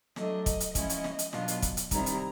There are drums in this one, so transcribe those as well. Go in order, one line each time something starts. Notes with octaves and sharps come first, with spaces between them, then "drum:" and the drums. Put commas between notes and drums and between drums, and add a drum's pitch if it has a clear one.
F#3 A3 D4 D#5, drum: snare
D#5, drum: kick, hi-hat
drum: hi-hat
F3 G#3 C#4 E4 D#5, drum: kick, hi-hat
drum: hi-hat
drum: snare
drum: hi-hat
B2 F#3 B3 D4 F4, drum: snare
drum: hi-hat
drum: kick, hi-hat
drum: hi-hat
C3 D#3 G3 C4 E4 A#5, drum: kick, hi-hat
drum: hi-hat